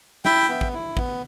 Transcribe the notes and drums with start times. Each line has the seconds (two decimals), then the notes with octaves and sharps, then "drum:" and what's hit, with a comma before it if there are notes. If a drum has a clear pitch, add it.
0.25 E4 E5 G5, drum: snare
0.49 B3
0.61 drum: kick
0.73 E4
0.97 B3, drum: kick